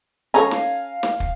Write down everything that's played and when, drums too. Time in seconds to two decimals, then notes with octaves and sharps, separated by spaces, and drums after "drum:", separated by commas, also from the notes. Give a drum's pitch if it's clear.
0.34 C#4 A4 C#5 F5 G#5 A#5
0.51 drum: snare
1.03 drum: snare
1.20 drum: kick